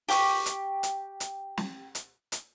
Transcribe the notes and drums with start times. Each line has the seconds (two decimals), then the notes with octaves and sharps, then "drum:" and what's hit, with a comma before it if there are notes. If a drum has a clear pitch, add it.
0.09 G4 C#6, drum: open hi-hat
0.46 drum: hi-hat
0.83 drum: hi-hat
1.20 drum: hi-hat
1.57 drum: snare
1.95 drum: hi-hat
2.32 drum: hi-hat